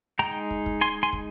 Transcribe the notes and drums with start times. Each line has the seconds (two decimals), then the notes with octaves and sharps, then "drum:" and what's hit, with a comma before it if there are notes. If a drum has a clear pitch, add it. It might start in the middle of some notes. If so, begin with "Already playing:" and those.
0.19 G#3 D#4 G5 A#5
0.51 drum: kick
0.66 drum: kick
0.81 G#5 C6
1.03 G#5 C6
1.13 drum: kick